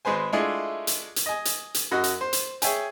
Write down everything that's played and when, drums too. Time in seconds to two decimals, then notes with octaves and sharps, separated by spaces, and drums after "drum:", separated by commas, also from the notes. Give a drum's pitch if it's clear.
0.05 G#1 G#3 B4 C5 G#5
0.33 G#3 A3 D4 E4 F4 G#4
0.87 drum: hi-hat
1.16 drum: hi-hat
1.26 D#5 G#5
1.45 drum: hi-hat
1.74 drum: hi-hat
1.91 F#2 F#4 D#5 F#5
2.04 drum: hi-hat
2.21 C5
2.33 drum: hi-hat
2.62 G#4 C#5 E5 G5 G#5, drum: hi-hat